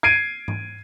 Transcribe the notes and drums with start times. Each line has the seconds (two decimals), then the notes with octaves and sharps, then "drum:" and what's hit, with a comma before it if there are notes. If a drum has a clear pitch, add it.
0.03 G#6 C7 D7 D#7
0.48 drum: tom G#2